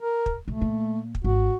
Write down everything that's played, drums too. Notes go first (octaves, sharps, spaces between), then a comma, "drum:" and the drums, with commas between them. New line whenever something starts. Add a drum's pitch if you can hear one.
A#4
drum: kick
B1 A3
A#2
drum: kick
G#1 F#4